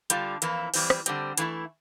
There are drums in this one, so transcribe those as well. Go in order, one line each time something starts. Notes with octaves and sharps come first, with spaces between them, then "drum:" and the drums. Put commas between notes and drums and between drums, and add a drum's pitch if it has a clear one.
D3 G3 D4 F4, drum: hi-hat
F2 E3 A#3 E4, drum: hi-hat
F2 E3 G3 C4, drum: open hi-hat
drum: rim click
D3 G3 C4, drum: hi-hat
E3 A3 E4, drum: hi-hat